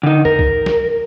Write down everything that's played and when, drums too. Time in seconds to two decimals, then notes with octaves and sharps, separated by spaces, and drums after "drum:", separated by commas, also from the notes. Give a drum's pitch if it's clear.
0.03 D3 D#4
0.25 A#4, drum: tom
0.39 drum: kick C2
0.66 drum: snare